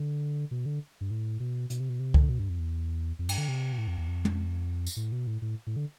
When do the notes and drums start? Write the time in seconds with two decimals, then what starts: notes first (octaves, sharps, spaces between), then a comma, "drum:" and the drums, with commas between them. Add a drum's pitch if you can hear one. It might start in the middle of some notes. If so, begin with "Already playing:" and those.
Already playing: D3
0.51 B2
0.66 D3
1.01 G2
1.11 A2
1.40 B2
1.70 B2, drum: hi-hat
1.80 C3
1.89 B2
2.00 C3
2.14 D3, drum: kick C#2
2.29 B2
2.39 G2
2.49 F2
2.59 E2
3.19 F2
3.29 G2, drum: cymbal
3.38 D3
3.48 C3
3.72 B2
3.78 A2
3.88 F2
3.98 E2
4.08 F2
4.25 drum: tom
4.87 drum: tambourine
4.96 A2
5.12 B2
5.27 A2
5.42 A2
5.67 A2
5.76 D3